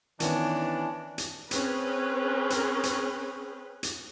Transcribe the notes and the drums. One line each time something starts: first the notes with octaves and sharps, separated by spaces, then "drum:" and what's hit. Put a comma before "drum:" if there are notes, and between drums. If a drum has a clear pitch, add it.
D#3 E3 B3 C#4 D4, drum: hi-hat
drum: hi-hat
C4 C#4 G#4 B4, drum: hi-hat
drum: hi-hat
drum: hi-hat
drum: hi-hat